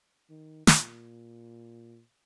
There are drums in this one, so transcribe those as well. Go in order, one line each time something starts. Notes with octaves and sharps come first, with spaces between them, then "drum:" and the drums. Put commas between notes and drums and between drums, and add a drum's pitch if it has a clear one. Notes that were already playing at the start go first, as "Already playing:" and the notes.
D#3
A#2, drum: snare